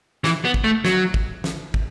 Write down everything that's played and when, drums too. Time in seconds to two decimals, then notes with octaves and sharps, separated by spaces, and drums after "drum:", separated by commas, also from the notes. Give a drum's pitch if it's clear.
0.24 E3, drum: snare
0.45 B3
0.54 drum: kick
0.64 A3
0.85 F#3, drum: snare
1.14 drum: kick
1.44 drum: snare
1.74 drum: kick